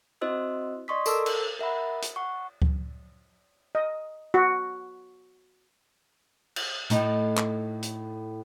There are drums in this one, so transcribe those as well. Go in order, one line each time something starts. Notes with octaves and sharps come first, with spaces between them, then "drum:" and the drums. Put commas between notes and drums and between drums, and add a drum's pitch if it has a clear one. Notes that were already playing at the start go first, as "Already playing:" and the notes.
C4 E4 F#4 C5 D#5 E6
D5 D#5 C6 C#6 D#6 B6
A4 A#4 A5 D6 E6, drum: tambourine
drum: cymbal
A#4 E5 F#5 B5
drum: hi-hat
F#5 C#6
drum: kick C#2
D#5
F#4
drum: cymbal
A2 D#4, drum: hi-hat
drum: clap
drum: hi-hat